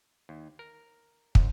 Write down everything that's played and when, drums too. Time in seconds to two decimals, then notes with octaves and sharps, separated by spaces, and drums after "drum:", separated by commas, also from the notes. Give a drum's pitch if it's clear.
0.29 D#2
0.59 A#4
1.35 D2, drum: kick